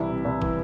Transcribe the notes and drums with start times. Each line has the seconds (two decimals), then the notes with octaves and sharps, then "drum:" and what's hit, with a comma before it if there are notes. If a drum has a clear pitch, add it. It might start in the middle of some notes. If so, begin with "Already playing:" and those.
Already playing: C2 E3 E4
0.09 C3
0.25 C2
0.41 E3, drum: kick